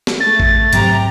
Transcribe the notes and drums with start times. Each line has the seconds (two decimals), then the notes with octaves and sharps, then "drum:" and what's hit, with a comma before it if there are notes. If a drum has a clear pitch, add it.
0.07 drum: snare
0.20 A3 A6
0.40 drum: kick A1
0.73 G#2 C3 F#3 G4 A#5, drum: hi-hat